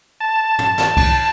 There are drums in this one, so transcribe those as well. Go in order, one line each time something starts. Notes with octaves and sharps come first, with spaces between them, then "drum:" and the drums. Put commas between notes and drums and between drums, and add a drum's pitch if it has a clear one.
A5
drum: tom
drum: snare
drum: kick C2, cymbal